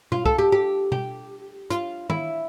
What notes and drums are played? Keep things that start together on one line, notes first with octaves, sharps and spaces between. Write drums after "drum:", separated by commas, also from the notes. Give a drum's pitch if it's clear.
F4, drum: tom B2
A4, drum: kick C2
G4
G4
G4, drum: tom B2
F4, drum: hi-hat
E4, drum: tom D#3